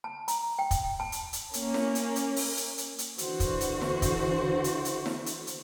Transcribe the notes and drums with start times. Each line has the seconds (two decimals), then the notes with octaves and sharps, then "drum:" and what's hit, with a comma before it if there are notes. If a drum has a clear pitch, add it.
0.04 A5
0.28 A#5, drum: hi-hat
0.59 G5
0.71 drum: kick, hi-hat
1.00 A5
1.12 drum: hi-hat
1.33 drum: hi-hat
1.54 A#3 C#4, drum: hi-hat
1.74 drum: snare E4
1.95 drum: hi-hat
2.16 drum: hi-hat
2.36 drum: open hi-hat
2.57 drum: hi-hat
2.78 drum: hi-hat
2.98 drum: hi-hat
3.18 D3 E3 F#4 C5, drum: hi-hat
3.40 drum: kick, hi-hat
3.61 drum: hi-hat
3.81 drum: snare E4
4.02 drum: kick, hi-hat
4.64 drum: hi-hat
4.85 drum: hi-hat
5.06 drum: snare E4
5.26 drum: hi-hat
5.47 drum: hi-hat